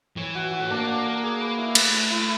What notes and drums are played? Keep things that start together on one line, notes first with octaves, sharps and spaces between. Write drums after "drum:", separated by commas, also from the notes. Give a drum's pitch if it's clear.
E3 C#5
F#4
F#4
A3
A#3 D4
D4
A#4
G#4
B4
E4
A3 B4, drum: cymbal
E4
E4